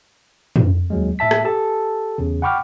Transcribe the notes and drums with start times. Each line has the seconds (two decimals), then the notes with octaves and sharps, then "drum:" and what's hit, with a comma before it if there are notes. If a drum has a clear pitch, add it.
0.56 drum: tom
0.90 D#2 F#3 G#3
1.19 A2 E5 A5 B6
1.31 drum: rim click
1.44 G4 A4 A5
2.18 E2 C#3
2.42 F#5 G5 B5 C#6 D6 F6